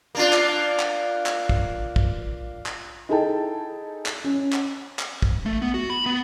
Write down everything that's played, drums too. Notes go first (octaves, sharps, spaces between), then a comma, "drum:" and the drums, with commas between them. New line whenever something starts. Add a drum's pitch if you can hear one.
A#3 D4 F4
drum: clap
drum: clap
drum: clap
drum: kick
drum: kick
drum: clap
D#4 E4 G#4 A4 G5 A5
drum: clap
C#4
drum: clap
drum: clap
drum: kick
A3
B3
F#4
B5
B3